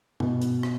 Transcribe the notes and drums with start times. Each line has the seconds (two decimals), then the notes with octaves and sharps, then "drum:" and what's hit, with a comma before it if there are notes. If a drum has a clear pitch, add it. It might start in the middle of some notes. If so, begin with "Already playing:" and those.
0.20 B2, drum: tom G2
0.42 drum: hi-hat
0.63 drum: rim click